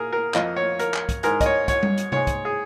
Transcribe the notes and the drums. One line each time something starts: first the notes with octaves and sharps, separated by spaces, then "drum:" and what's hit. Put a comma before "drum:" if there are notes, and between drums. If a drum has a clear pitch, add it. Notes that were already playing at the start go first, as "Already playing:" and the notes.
Already playing: A#2 G#4 A#4
A#4
F2 F3 A#3 D#5, drum: clap
C#5
A#4, drum: hi-hat
drum: clap
drum: kick, hi-hat
G#2 G#3 A#4, drum: hi-hat
D#5, drum: kick, hi-hat
C#5
C#5, drum: kick, hi-hat
drum: tom G3
drum: hi-hat
G#2 G#3 C#5, drum: tom C3
drum: kick, hi-hat
G#4